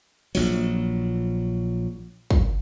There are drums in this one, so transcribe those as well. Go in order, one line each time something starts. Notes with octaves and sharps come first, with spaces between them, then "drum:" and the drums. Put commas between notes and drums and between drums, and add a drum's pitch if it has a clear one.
A#1 F#3, drum: open hi-hat
drum: kick